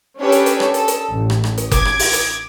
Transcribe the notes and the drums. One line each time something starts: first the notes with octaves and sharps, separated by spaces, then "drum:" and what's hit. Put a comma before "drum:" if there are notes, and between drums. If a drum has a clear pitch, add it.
C#4 D4 G4 A4 B4 C#5
drum: hi-hat
drum: hi-hat
drum: rim click
A4, drum: hi-hat
drum: hi-hat
A1
drum: rim click
drum: rim click
drum: hi-hat
D6 G#6, drum: kick F#1, hi-hat
drum: rim click
drum: open hi-hat
drum: hi-hat